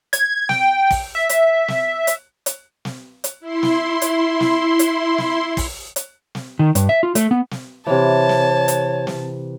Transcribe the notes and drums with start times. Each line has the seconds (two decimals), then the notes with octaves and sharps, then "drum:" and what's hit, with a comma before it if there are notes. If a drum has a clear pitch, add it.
0.13 G#6, drum: hi-hat
0.49 G5, drum: snare
0.91 drum: kick, open hi-hat
1.15 E5
1.29 drum: hi-hat
1.68 drum: snare
2.07 drum: hi-hat
2.46 drum: hi-hat
2.85 drum: snare
3.24 drum: hi-hat
3.40 E4 C6
3.63 drum: snare
4.02 drum: hi-hat
4.40 drum: snare
4.79 drum: hi-hat
5.18 drum: snare
5.57 drum: kick, open hi-hat
5.96 drum: hi-hat
6.35 drum: snare
6.59 D#3
6.75 G2, drum: hi-hat
6.89 E5
7.03 F4
7.15 A3, drum: hi-hat
7.31 B3
7.51 drum: snare
7.87 C3 E3 C#5 A5
8.29 drum: snare
8.68 drum: hi-hat
9.07 drum: snare